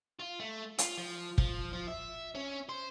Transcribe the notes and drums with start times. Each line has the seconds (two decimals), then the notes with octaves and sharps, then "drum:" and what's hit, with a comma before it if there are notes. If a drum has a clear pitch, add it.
0.19 F4
0.40 A3
0.78 F4, drum: hi-hat
0.97 F3
1.38 F3, drum: kick
1.73 F3
1.88 E5
2.35 C#4
2.69 C5